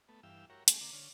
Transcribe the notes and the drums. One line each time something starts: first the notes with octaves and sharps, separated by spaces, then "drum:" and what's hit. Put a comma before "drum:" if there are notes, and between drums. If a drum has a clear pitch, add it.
A3 B3
G2 E3 F5 G5 E6
F#4 G4 A#4 C#5
G#3 A3 C#4 G4, drum: hi-hat
D3 A#3 D6
D3 C#5 F6